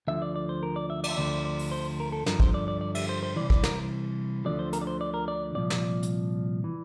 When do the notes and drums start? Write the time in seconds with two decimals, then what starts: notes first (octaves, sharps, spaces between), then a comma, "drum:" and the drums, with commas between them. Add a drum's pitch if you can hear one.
0.07 D2 D3 F3 E5
0.22 D5
0.36 D5
0.49 C5
0.63 A#4
0.76 D5
0.90 E5
1.04 D5, drum: cymbal
1.10 E5
1.17 D2 D3 F3 D5
1.45 D5
1.59 drum: open hi-hat
1.72 C5
2.00 A#4
2.12 A4
2.26 G2 D3 F3 A#4, drum: snare
2.40 C5, drum: kick
2.54 D5
2.68 D5
2.81 D5
2.95 E5, drum: cymbal
3.09 C5
3.23 C5
3.36 C2 C3 E3 D5
3.50 D5, drum: kick
3.64 A#4, drum: snare
4.45 D2 D3 F3 D5
4.59 C5
4.73 A#4, drum: hi-hat
4.81 D5
4.87 C5
5.01 D5
5.14 A#4
5.28 D5
5.55 C2 A#2 F3 D5
5.70 drum: snare
6.03 drum: hi-hat
6.64 E3